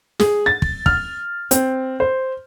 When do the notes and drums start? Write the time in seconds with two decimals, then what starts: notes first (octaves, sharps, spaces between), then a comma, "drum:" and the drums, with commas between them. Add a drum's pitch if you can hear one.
0.20 G#4, drum: snare
0.46 A6
0.62 drum: kick
0.86 F6, drum: kick
1.51 C4, drum: hi-hat
2.00 C5